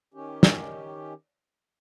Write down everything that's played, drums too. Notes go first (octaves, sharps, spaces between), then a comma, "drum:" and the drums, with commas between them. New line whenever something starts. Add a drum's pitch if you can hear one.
D#3 C#4 G4
drum: snare